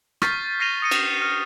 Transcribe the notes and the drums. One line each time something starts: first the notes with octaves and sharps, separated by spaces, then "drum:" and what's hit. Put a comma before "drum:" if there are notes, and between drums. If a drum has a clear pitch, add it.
C#6 F6 G6 A6 B6 C7, drum: rim click
F6 A#6 C7 D#7 F7 G7
D#6 C#7 D#7
drum: cymbal
F6